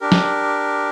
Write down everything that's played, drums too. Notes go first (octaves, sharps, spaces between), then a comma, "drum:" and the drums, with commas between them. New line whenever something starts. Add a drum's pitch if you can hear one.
D4 G4 A#4
drum: snare